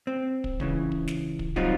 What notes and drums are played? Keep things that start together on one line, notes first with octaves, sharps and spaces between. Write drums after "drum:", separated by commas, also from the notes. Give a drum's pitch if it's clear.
C4
drum: kick
C#2 C#3 E3, drum: kick
drum: kick
drum: snare
drum: kick
F#3 G3 C4 D#4 F4 F#4, drum: kick